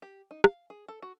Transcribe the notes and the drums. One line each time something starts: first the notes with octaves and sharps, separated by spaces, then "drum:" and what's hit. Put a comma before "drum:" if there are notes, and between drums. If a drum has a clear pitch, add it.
G4
D#4
F5, drum: rim click
G#4
A4
F#4